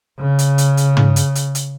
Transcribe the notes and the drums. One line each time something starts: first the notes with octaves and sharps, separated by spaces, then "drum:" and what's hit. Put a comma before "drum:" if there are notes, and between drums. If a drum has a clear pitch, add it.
C#3
drum: hi-hat
drum: hi-hat
drum: hi-hat
drum: tom
drum: hi-hat
drum: hi-hat
drum: hi-hat